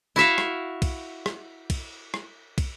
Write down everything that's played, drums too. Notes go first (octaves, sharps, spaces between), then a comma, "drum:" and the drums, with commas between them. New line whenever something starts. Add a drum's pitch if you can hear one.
E4 F#4 E5 F5
drum: rim click
drum: kick, cymbal
drum: rim click
drum: kick, cymbal
drum: rim click
drum: kick, cymbal